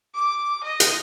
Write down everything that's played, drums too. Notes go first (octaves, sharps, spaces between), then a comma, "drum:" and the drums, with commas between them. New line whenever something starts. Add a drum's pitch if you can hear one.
D6
D#5
drum: hi-hat